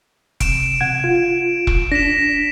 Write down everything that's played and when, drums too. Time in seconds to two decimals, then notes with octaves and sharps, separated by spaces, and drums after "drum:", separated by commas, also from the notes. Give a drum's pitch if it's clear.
0.40 C3 D7 E7, drum: kick E1, hi-hat
0.81 C3 F#5 G#6
1.04 F4
1.67 drum: kick E1
1.92 D4 A#6 B6 E7